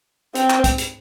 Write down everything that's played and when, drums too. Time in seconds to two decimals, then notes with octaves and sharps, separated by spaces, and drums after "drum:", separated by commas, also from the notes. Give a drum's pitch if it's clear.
0.35 C4, drum: hi-hat
0.50 drum: clap
0.64 drum: kick, hi-hat
0.78 drum: hi-hat